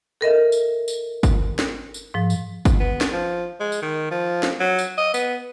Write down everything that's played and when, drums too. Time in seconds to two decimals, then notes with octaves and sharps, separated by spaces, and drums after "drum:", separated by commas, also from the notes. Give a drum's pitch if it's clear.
0.21 A4 A#4 D#5 E5
0.52 drum: tambourine
0.88 drum: tambourine
1.23 drum: kick G1, tambourine
1.59 drum: snare
1.94 drum: tambourine
2.14 G#2 F3
2.30 drum: tambourine
2.65 drum: kick G1, tambourine
2.80 B3
3.01 drum: snare
3.12 F3
3.60 G#3
3.72 drum: tambourine
3.82 D#3
4.11 F3
4.43 drum: snare
4.60 F#3
4.79 drum: tambourine
4.98 D#5
5.14 B3, drum: tambourine